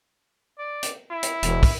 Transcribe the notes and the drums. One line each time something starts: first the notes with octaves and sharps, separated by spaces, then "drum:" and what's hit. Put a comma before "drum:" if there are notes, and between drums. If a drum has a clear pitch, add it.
D5
drum: hi-hat
E4
drum: hi-hat
E1, drum: hi-hat
drum: kick, open hi-hat